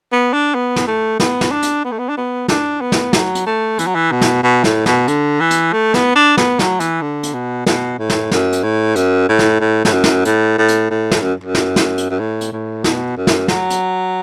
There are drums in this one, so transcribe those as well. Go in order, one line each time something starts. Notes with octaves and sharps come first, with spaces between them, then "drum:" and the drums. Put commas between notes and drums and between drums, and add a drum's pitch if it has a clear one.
B3
D4
B3
drum: snare
A3
B3, drum: snare
drum: snare
D4
drum: hi-hat
B3
A3
B3
D4
B3
D4, drum: snare
B3
drum: snare
F#3, drum: snare
drum: hi-hat
A3
E3, drum: hi-hat
F#3
E3
B2
drum: snare
B2
A2, drum: snare
B2, drum: snare
D3, drum: hi-hat
E3
drum: hi-hat
A3
B3, drum: snare
D4
B3, drum: snare
F#3, drum: snare
E3, drum: hi-hat
D3
drum: hi-hat
B2
B2, drum: snare
A2
drum: snare
F#2, drum: snare
drum: hi-hat
A2
F#2, drum: hi-hat
A2
drum: snare
A2
A2, drum: snare
F#2
drum: snare
A2, drum: hi-hat
A2
drum: hi-hat
A2
drum: snare
F#2
F#2
drum: snare
drum: snare
drum: hi-hat
F#2
A2
drum: hi-hat
A2
B2, drum: snare
F#2
drum: snare
F#3, drum: snare
drum: hi-hat